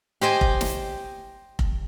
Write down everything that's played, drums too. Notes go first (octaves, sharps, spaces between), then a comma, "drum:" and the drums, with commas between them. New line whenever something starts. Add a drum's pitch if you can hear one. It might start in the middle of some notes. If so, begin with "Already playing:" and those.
G4 C5 D#5 G#5
drum: kick F1
drum: snare
drum: kick F1